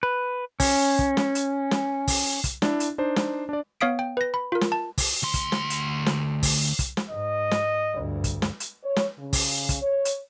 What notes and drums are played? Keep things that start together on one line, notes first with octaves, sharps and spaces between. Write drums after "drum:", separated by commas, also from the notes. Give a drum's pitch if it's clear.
B4
C#4, drum: kick, open hi-hat
drum: kick
drum: snare
drum: hi-hat
drum: snare
drum: kick, open hi-hat
drum: kick, hi-hat
D4 E4, drum: snare
drum: hi-hat
D4 D#4 C5
drum: snare
D4 D5
B3 C#5 F5 D#6 B6 D7
G5
B4 A#6
B5
F4 A#4
drum: snare
A5
drum: kick, open hi-hat
D2 C6
drum: kick, hi-hat
drum: snare
drum: hi-hat
drum: snare
drum: kick, open hi-hat
drum: kick, hi-hat
drum: snare
G#2 D#5
drum: snare
D2 G2
drum: kick, hi-hat
drum: snare
drum: hi-hat
C#5
drum: snare
C#3
drum: kick, open hi-hat
drum: kick, hi-hat
C#5
drum: hi-hat